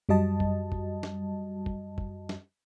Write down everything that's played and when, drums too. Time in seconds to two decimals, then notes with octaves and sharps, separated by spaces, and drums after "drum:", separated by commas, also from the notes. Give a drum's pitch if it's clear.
0.09 F#2 G3 F#4 D#5 A5
0.40 drum: kick
0.72 drum: kick
1.03 drum: snare
1.66 drum: kick
1.98 drum: kick
2.29 drum: snare